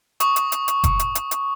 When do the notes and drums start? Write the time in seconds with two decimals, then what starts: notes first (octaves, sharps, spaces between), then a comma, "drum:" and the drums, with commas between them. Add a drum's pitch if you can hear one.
0.20 C#6 D#6, drum: hi-hat
0.36 drum: hi-hat
0.52 drum: hi-hat
0.68 drum: hi-hat
0.84 drum: kick F#1, hi-hat
0.99 drum: hi-hat
1.15 drum: hi-hat
1.31 drum: hi-hat